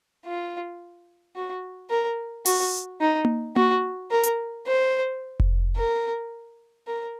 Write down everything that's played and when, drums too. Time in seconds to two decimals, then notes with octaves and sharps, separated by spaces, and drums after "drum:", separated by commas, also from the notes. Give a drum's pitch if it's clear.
0.25 F4
1.36 F#4
1.90 A#4
2.45 F#4, drum: open hi-hat
3.01 D#4
3.25 drum: tom A#3
3.56 F#4, drum: tom A#3
4.11 A#4
4.23 drum: hi-hat
4.67 C5
5.40 drum: kick F1
5.77 A#4
6.87 A#4